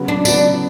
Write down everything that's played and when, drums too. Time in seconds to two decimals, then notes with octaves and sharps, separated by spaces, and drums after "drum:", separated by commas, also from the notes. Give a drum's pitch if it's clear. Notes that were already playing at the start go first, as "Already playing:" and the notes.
Already playing: C#3 F#3 B3
0.08 D4
0.25 C#3 F#3 B3 D4, drum: tambourine